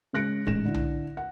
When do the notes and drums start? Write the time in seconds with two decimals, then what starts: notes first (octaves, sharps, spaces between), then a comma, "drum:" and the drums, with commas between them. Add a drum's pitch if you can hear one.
0.13 C#3 G#3 F#6 A#6 C#7 D7
0.47 A1 G#2 A#6 E7, drum: kick
0.65 D3 E4
0.74 drum: tom B1
1.17 F#5